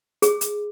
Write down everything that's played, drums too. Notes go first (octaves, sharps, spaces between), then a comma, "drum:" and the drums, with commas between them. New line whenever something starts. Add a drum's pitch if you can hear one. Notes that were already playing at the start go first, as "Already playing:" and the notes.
G#4, drum: hi-hat
drum: hi-hat